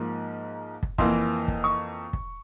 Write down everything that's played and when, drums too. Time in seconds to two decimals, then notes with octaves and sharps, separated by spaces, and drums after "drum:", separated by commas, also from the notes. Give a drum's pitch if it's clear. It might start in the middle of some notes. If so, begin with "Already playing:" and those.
Already playing: G#2 F3 A#3
0.83 drum: kick
0.98 F2 E3 A#3 C6, drum: kick
1.48 drum: kick
1.64 C#6
2.13 drum: kick